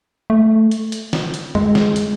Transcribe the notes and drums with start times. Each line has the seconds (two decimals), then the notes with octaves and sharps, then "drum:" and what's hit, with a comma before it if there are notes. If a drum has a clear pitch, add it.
0.30 A3
0.71 drum: hi-hat
0.92 drum: hi-hat
1.13 drum: snare
1.34 drum: hi-hat
1.55 G#3, drum: tom F2
1.75 drum: snare
1.96 drum: hi-hat